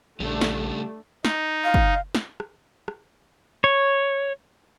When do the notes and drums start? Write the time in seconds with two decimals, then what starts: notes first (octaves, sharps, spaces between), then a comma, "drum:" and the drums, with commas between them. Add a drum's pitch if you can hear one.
0.20 A#1 C#3 G3 A3 D4
0.41 drum: snare
1.25 D#4, drum: snare
1.64 F5
1.74 drum: kick
2.15 drum: snare
2.40 drum: rim click
2.88 drum: rim click
3.64 C#5